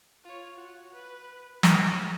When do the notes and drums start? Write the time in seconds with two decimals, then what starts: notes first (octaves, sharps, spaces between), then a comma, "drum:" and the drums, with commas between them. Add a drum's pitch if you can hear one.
0.24 F4 C#5
0.56 F#4
0.94 B4
1.63 G#3 C#6, drum: snare